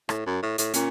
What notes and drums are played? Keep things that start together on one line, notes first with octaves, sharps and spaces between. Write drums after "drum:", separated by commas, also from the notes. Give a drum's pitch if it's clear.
A2, drum: rim click
F#2
A2
A2, drum: hi-hat
A#2 C#4, drum: hi-hat